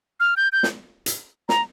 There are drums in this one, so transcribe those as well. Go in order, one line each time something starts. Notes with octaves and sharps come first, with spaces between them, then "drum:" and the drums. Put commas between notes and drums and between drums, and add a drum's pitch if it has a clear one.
F6
G6
G6
drum: snare
drum: hi-hat
A#5, drum: snare